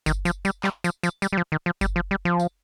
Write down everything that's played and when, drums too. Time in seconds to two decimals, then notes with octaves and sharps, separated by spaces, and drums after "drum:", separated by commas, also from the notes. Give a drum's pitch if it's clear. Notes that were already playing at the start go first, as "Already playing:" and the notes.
0.06 D#3, drum: kick F#1, tambourine
0.25 F3, drum: tambourine
0.45 G3, drum: tambourine
0.64 G3, drum: clap
0.84 F3, drum: tambourine
1.03 F3, drum: tambourine
1.22 G3, drum: tambourine
1.33 G3
1.37 F3
1.52 D#3
1.66 F3
1.81 G3, drum: kick F#1, tambourine
1.96 F3
2.11 G3
2.25 F3
2.40 drum: tambourine